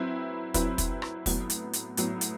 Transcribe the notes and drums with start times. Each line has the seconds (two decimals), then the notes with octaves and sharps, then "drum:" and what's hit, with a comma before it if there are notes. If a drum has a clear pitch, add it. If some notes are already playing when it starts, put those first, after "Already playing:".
Already playing: F#3 C4 E4 B4
0.54 F#3 C4 E4 B4, drum: kick, hi-hat
0.78 drum: kick, hi-hat
1.02 drum: rim click
1.26 A2 F#3 B3, drum: kick, open hi-hat
1.50 drum: hi-hat
1.73 drum: hi-hat
1.97 A2 F#3 B3, drum: hi-hat
2.21 drum: hi-hat